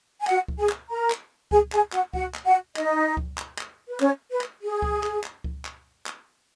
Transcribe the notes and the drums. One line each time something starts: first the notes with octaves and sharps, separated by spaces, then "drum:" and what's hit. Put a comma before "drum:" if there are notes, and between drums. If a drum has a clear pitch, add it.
G#5
F#4 F#5, drum: clap
drum: kick C#2
G#4 G#5
drum: clap
A#4 A#5
drum: clap
G#4 G#5, drum: kick C#2
G#4 G#5, drum: clap
F#4 F#5, drum: clap
F#4 F#5, drum: kick C#2
drum: clap
F#4 F#5
D#4 D#5, drum: clap
drum: kick C#2
drum: clap
drum: clap
B4
C#4 C#5, drum: clap
B4
drum: clap
G#4
drum: kick C#2
drum: clap
drum: clap
drum: kick C#2
drum: clap
drum: clap